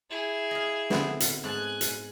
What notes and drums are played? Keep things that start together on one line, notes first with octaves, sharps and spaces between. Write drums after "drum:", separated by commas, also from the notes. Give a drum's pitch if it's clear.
E4 G#4
D#5 F5
D3 B3 C4, drum: snare
drum: hi-hat
G#2 G#5 A5 F#6
drum: hi-hat